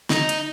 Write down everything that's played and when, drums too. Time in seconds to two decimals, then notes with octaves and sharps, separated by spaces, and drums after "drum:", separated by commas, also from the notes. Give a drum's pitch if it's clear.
0.10 D#4, drum: snare
0.29 drum: hi-hat